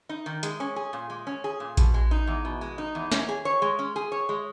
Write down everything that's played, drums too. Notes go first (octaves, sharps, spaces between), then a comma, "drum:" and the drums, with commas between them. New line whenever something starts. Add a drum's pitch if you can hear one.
D#4
D#3
G#3, drum: hi-hat
C#4
G#4
A#2
G#3
C#4
G#4
A#2
B2, drum: kick A#1, hi-hat
G#3
D#4
E2
B2
G#3
D#4
E2
C#4, drum: snare
G#4
C#5
G#3
C#4
G#4
C#5
G#3